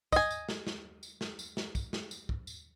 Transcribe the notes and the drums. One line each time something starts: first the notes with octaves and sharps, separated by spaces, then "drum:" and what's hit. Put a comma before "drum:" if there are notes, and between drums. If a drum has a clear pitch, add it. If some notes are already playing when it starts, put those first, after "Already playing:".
D#5 G#5, drum: kick, tambourine
drum: tambourine
drum: snare
drum: snare
drum: tambourine
drum: snare
drum: tambourine
drum: snare
drum: kick, tambourine
drum: snare
drum: tambourine
drum: kick
drum: tambourine